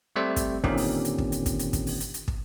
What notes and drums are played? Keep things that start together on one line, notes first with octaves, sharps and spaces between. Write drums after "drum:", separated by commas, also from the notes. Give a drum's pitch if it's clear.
G3 A3 C4 C5 D5 E5
drum: kick, hi-hat
A#2 D3 D#3 C4 C#4 G4, drum: kick
drum: open hi-hat
drum: hi-hat
drum: kick
drum: hi-hat
drum: kick, hi-hat
drum: hi-hat
drum: kick, hi-hat
drum: open hi-hat
drum: hi-hat
drum: hi-hat
drum: kick